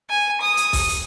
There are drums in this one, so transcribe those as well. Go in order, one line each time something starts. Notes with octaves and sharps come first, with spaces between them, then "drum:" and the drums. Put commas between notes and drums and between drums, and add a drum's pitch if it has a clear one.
G#5
D#6
drum: hi-hat
drum: kick, open hi-hat
drum: hi-hat